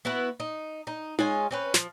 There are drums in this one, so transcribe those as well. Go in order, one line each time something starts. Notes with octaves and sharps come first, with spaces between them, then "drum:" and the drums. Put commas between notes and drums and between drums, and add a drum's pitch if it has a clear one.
B3 E4 F#4 B4
D#4
D#4
G#3 C#4 F4 G#5, drum: tom D#4
C4 C#4 B4
F3, drum: snare